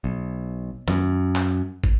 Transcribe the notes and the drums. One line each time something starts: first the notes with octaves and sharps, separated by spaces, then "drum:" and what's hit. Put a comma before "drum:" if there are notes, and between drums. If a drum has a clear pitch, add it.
B1
F#2, drum: tom D#3
drum: clap
drum: kick